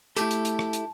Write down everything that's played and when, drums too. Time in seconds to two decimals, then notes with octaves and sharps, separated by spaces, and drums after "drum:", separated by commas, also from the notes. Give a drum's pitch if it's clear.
0.17 A3 E4 G4 A4 A5, drum: hi-hat
0.31 drum: hi-hat
0.45 drum: hi-hat
0.59 drum: rim click
0.73 drum: hi-hat